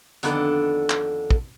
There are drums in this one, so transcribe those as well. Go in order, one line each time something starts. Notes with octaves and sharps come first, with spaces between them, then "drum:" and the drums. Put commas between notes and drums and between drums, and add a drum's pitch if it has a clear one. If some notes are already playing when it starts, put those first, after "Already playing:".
F2 D3 D#3 B3 D4 A4, drum: hi-hat
drum: clap
drum: kick